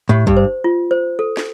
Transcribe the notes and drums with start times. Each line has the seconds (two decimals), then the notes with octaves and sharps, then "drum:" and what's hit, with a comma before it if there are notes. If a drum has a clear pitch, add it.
0.09 A2 G4
0.27 G2, drum: kick
0.37 C5
0.64 F4
0.91 C5
1.19 A4
1.37 drum: snare